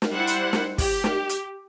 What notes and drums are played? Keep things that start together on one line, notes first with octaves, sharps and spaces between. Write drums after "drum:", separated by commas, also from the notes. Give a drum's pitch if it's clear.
drum: snare
G3 E4 C5 F#5
drum: hi-hat
drum: snare
G4, drum: kick, open hi-hat
drum: snare
drum: hi-hat